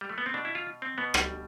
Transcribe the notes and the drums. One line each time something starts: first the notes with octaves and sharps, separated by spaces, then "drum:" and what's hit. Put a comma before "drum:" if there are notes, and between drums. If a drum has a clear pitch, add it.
G3
A3
B3
C4
B2 D4
E4
F4
C4
B2 B3
G3, drum: rim click